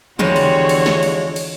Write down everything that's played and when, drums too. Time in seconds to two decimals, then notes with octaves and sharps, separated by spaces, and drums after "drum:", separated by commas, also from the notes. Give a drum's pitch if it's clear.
0.19 E2 D3 F3 G3 G#3 F#4 C#5, drum: tom
0.36 drum: cymbal
0.69 drum: cymbal
0.86 drum: snare
1.03 drum: cymbal
1.36 drum: cymbal